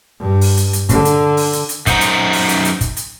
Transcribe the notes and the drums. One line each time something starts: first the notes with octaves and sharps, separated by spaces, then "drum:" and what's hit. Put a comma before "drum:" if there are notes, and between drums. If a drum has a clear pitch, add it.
G2
drum: open hi-hat
drum: hi-hat
drum: hi-hat
D3, drum: kick, hi-hat
drum: hi-hat
drum: open hi-hat
drum: hi-hat
drum: hi-hat
F#2 D#4 C5 F#5 A#5, drum: kick, hi-hat
drum: hi-hat
drum: open hi-hat
drum: hi-hat
drum: hi-hat
drum: kick, hi-hat
drum: hi-hat